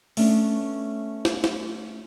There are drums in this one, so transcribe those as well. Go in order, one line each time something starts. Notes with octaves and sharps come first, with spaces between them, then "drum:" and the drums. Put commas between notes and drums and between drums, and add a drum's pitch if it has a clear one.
A3 B3 C#4 D4, drum: open hi-hat
drum: snare
drum: snare